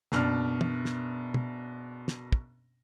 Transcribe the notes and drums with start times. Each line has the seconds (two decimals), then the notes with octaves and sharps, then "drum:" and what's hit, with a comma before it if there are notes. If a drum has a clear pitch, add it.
0.12 F#1 B2 D4 F6, drum: snare
0.61 drum: tom
0.85 drum: snare
1.34 drum: tom
2.08 drum: snare
2.32 drum: kick